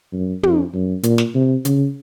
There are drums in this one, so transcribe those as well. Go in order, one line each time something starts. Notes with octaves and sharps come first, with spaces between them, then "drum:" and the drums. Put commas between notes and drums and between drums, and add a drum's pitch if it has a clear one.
F#2
F2, drum: tom
F#2
A#2, drum: hi-hat
drum: snare
C3
C#3, drum: hi-hat